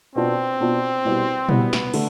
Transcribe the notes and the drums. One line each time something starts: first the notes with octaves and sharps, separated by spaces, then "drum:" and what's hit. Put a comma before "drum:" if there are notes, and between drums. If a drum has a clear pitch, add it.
B2 B3 C4 D4 F4
B2 B3 D4 F4
C2 B2 G3
C2 B2 G3 B3, drum: tom A#2
drum: snare
D3 A3, drum: cymbal